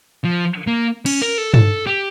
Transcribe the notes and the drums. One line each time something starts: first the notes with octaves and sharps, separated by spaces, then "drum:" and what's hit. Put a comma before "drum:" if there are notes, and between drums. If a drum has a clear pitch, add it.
F3
A#3
C#4, drum: cymbal
A#4
A4
A4, drum: tom
G4